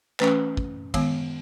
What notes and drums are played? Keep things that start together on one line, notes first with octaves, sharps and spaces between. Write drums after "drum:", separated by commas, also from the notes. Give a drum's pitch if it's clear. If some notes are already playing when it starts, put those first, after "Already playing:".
E3 A3 C#4 B4, drum: clap
drum: kick
D#3 G#3 B3, drum: kick, cymbal